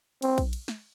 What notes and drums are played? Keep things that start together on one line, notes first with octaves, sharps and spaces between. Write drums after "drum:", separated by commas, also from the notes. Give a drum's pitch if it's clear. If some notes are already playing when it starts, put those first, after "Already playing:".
C4, drum: cymbal
drum: kick A#1, cymbal
drum: cymbal
drum: snare